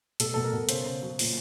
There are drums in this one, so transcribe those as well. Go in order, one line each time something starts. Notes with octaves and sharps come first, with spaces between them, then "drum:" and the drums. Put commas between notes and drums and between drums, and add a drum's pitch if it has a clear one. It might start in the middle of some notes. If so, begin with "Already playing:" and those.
B2 A4, drum: hi-hat
B2 A4
A#4
B2
C#3 C5, drum: hi-hat
C#3
F#3
A#2, drum: open hi-hat